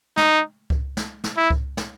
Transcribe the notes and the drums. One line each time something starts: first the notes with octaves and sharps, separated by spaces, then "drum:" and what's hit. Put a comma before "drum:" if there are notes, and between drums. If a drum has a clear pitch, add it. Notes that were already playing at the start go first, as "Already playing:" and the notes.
D#4, drum: snare
drum: kick C#2
drum: snare
drum: snare
E4
drum: kick C#2
drum: snare